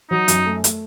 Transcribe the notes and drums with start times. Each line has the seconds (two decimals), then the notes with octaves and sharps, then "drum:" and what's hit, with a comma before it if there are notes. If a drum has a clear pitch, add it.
0.11 F#3 D#4
0.28 F#2, drum: hi-hat
0.46 A3
0.64 A3, drum: hi-hat